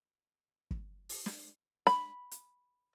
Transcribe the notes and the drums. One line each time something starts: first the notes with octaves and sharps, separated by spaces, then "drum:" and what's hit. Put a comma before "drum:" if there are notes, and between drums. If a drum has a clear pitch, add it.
drum: kick
drum: open hi-hat
drum: snare
B5, drum: snare
drum: hi-hat